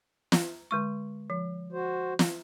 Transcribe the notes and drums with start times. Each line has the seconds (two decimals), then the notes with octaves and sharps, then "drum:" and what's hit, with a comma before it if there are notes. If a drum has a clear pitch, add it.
0.32 drum: snare
0.71 D3 G#3 C#6
1.30 F3
1.72 F#4 C5
2.19 drum: snare